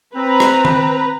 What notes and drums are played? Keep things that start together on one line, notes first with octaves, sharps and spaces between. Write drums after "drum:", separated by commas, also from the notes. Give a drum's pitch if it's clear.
C4 B4 A#5
drum: rim click
drum: tom D#3